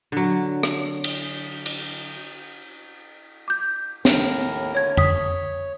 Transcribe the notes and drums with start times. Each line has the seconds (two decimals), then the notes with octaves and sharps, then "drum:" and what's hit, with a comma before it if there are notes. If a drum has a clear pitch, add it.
0.12 D3 F#3
0.63 drum: rim click
1.04 drum: cymbal
1.66 drum: cymbal
3.48 D6 G6
4.05 D#2 A2 A#4, drum: snare
4.75 D3 A3 C#5 G#6
4.97 C#5 D#6 B6, drum: tom F2